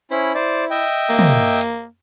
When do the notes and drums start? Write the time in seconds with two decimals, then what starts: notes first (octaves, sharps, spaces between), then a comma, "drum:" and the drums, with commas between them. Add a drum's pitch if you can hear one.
0.11 C#4 E4 C5 B5
0.35 E4 C5 D5
0.71 D#5 E5 G5
1.09 A#3
1.19 drum: tom
1.61 drum: hi-hat